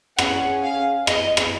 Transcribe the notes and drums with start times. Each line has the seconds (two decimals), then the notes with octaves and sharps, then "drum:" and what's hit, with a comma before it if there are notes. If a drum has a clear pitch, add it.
0.18 C#4 G#4 F#5, drum: rim click
0.63 F5
1.07 D#5, drum: rim click
1.37 drum: rim click